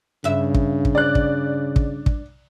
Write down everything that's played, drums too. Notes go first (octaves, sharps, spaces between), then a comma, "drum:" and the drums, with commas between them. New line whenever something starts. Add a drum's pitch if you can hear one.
G2 C#3 E5
drum: kick
drum: kick
D5 F#6
drum: kick
drum: kick
drum: kick